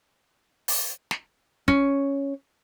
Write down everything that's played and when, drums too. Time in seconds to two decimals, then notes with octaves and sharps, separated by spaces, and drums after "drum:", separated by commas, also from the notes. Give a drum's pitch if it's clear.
0.68 drum: open hi-hat
1.11 drum: snare
1.68 C#4, drum: kick